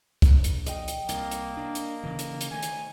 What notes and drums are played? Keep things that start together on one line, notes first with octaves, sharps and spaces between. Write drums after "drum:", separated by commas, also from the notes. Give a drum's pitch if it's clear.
A#1, drum: kick, hi-hat
drum: hi-hat
D#5 G5, drum: hi-hat
drum: hi-hat
C2 A#3, drum: hi-hat
drum: hi-hat
D4
drum: hi-hat
C#3 E3
drum: hi-hat
drum: hi-hat
D#3 A3 G#5
drum: hi-hat